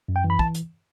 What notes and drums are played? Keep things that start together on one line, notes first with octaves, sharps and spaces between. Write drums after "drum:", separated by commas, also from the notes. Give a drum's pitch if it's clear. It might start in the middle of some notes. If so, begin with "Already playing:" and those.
F#2
G5
E3
B5
A5, drum: kick
drum: hi-hat